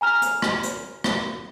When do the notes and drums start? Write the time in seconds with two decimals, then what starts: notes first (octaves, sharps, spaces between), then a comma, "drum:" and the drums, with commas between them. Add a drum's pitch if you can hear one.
0.01 G#5 A#5 F6 F7
0.22 drum: hi-hat
0.42 drum: rim click
0.63 drum: hi-hat
1.04 drum: rim click